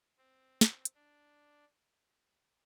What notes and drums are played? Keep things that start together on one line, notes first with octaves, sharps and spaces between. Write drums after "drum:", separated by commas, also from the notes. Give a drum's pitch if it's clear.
C4
drum: snare
drum: hi-hat
D4